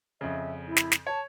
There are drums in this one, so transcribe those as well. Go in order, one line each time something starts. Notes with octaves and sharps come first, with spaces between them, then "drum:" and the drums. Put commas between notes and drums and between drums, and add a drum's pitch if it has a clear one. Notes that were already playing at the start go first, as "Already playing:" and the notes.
F2 C#3 E5
E4
drum: snare
drum: snare
C#5 A5